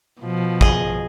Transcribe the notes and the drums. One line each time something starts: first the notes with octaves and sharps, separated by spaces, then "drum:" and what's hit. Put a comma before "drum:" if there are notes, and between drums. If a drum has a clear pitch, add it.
B2 F3
G#4 D#5, drum: kick G#1